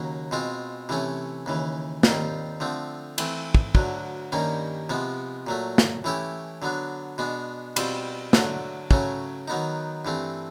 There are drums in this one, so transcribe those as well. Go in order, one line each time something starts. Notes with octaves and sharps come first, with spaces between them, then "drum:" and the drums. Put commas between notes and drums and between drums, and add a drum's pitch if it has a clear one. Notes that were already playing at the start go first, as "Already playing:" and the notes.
Already playing: D#2 C#3 F#3 A#3
B2 G#3 C4 F4
C3 E3 A3 C#4
D#2 C#3 E3
D#2 D#3 G3 C4 F4, drum: snare
D3 F3 A3 C4
E3 A3 C4, drum: cymbal
drum: kick
D2 D3 F#3, drum: kick
G2 D#3 G3 A#3 C#4
C3 F3 G#3 B3
A#2 F#3 A3
drum: snare
E3 A3 C#4 E4 G4
D3 F#3 B3 D4
B2 G#3 B3 D4
B2 G3 C4 F4, drum: cymbal
D3 F#3 A3, drum: snare
C#3 F#3 A3 C#4, drum: kick
D#3 F#3 B3 D#4
G2 E3 A3 C4